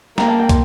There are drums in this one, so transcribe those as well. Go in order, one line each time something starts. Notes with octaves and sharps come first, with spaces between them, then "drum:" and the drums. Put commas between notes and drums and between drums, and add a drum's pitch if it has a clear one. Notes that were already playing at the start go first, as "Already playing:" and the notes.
A#3 G5 A#5, drum: snare
F5 A5
G5
C6, drum: kick, hi-hat